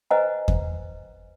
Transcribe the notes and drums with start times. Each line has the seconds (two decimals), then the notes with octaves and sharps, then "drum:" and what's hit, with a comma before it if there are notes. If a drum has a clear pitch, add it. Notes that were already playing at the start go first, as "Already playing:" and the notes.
0.11 B4 C5 D#5 F#5 G#5 A#5
0.48 drum: kick E2